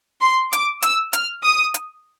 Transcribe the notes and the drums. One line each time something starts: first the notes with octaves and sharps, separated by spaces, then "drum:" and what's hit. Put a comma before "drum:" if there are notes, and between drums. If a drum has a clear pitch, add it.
C6
D6, drum: hi-hat
E6, drum: hi-hat
F6, drum: hi-hat
D#6
drum: hi-hat